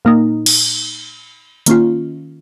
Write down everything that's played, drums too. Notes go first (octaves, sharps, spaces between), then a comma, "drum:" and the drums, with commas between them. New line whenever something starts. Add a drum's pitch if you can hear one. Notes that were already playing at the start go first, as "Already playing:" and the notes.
A#2 A#3 D#4
drum: cymbal
D#3 A#3 C#4 F4, drum: hi-hat